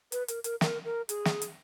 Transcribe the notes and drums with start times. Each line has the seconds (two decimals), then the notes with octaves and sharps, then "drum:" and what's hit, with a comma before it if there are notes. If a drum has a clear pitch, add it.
0.12 B4, drum: hi-hat
0.28 A#4, drum: hi-hat
0.44 A#4, drum: hi-hat
0.61 A#4, drum: snare
0.85 A#4
1.09 G#4, drum: hi-hat
1.25 drum: snare
1.42 drum: hi-hat